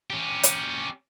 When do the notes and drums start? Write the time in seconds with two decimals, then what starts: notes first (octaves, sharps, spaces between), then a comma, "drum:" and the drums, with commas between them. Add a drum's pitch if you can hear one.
0.10 C#4 G4
0.43 drum: hi-hat